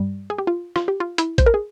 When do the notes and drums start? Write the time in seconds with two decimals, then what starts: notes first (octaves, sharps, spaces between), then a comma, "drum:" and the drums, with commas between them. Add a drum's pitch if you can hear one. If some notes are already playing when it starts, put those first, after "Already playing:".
Already playing: G2 G3
0.30 G#4
0.38 G4
0.47 F4
0.76 F4, drum: rim click
0.88 G4
1.00 F4
1.18 E4, drum: hi-hat
1.38 C5, drum: kick, hi-hat
1.46 A#4
1.54 G#4